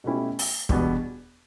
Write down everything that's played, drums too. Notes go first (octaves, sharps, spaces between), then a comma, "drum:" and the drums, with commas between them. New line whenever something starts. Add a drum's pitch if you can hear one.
B2 A3 C#4 E4 G4
drum: open hi-hat
E2 B2 G3 B3 D4, drum: kick